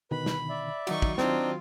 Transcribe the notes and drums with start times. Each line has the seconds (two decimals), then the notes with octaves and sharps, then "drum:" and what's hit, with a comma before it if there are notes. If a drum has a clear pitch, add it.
0.11 B2 D3 D#3 B4 B5
0.26 drum: snare
0.49 D5 E5
0.87 D#3 F#3 D#4 F#4 C#6, drum: cymbal
1.02 drum: kick
1.18 C4 D4 D#4 F4 G5, drum: snare